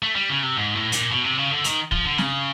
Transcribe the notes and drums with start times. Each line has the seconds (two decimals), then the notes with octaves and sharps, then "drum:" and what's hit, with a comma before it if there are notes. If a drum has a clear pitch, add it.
0.02 A3
0.15 G3
0.30 C#3
0.43 C3
0.56 G#2
0.75 A2
0.92 A#2, drum: hi-hat
1.10 B2
1.24 C3
1.37 C#3
1.51 D3
1.64 D#3, drum: hi-hat
1.91 F3, drum: kick
2.05 D3
2.18 C#3, drum: snare